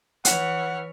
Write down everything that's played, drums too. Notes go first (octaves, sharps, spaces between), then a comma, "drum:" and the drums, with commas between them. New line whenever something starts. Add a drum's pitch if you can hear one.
E3 C#5 F#5 F6, drum: hi-hat